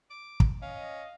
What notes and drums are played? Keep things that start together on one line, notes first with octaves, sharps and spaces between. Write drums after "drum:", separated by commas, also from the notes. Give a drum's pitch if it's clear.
D6
drum: kick
C#4 D#5 F5